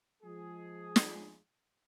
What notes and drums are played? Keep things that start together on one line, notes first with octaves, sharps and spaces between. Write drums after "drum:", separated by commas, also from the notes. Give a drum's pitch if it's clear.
F3 G#3 G#4
drum: snare